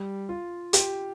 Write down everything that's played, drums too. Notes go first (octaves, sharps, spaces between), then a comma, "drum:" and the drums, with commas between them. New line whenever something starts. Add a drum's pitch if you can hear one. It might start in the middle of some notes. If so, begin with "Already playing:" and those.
Already playing: G3
F4
G4, drum: hi-hat